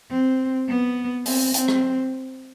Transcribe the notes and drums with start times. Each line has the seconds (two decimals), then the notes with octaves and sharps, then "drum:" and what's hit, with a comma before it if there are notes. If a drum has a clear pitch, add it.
0.10 C4
0.68 B3
1.26 C4, drum: open hi-hat
1.54 C4, drum: hi-hat
1.68 drum: rim click